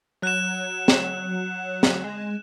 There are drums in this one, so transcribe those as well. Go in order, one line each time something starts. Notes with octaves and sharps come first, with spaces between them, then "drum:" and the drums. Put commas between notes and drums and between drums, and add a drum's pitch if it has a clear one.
F#3 F#6 E7
drum: snare
drum: snare
G#3